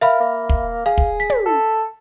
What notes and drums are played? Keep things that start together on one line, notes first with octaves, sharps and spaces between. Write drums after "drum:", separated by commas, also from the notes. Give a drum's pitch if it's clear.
A#4 E5 F5 B5
A#3
drum: kick
G#4 F5
drum: kick
B6
drum: tom
A4